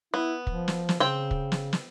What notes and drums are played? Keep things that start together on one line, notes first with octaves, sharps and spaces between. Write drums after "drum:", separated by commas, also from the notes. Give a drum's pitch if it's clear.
B3 E4
F3, drum: kick
drum: snare
drum: snare
C#3 C4 G5
drum: kick
drum: snare
drum: snare